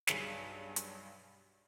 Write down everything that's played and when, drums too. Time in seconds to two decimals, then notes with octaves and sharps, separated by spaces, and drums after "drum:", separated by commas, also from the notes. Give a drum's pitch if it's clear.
0.07 B1 G2 G#4 B6, drum: snare
0.76 drum: hi-hat